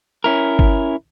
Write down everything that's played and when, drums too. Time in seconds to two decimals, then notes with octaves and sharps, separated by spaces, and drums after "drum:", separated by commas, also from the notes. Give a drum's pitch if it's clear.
0.24 C#4 E4 A#4
0.59 drum: kick G1